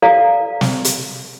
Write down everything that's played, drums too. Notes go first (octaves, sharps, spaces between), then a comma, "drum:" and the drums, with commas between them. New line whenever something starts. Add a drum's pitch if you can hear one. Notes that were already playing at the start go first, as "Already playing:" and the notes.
A4 D5 F5 A#5
drum: snare
drum: hi-hat